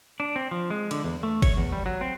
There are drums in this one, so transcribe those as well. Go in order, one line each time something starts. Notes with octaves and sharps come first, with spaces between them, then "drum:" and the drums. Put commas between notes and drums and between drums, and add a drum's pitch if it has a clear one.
D4
C4
F3
G#3
D3, drum: cymbal
E2
A3
C#5, drum: kick, cymbal
E2
G3
F#3
C4